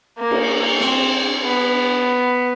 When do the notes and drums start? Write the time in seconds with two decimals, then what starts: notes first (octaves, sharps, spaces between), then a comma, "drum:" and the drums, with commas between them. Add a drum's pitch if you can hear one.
0.19 A#3
0.31 drum: cymbal
0.81 C4, drum: snare
1.44 B3